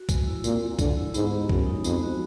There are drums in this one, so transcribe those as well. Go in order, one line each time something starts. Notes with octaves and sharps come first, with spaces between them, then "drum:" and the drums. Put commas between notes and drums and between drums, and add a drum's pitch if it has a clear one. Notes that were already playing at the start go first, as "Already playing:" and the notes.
Already playing: F#4
G#3, drum: kick, tambourine
E4
A#2 C4, drum: tambourine
G#3
D3 G#3, drum: kick, tambourine
E4
G#2 B3, drum: tambourine
G4
F#2 G#3, drum: kick
D#4
F2 B3, drum: tambourine
F#4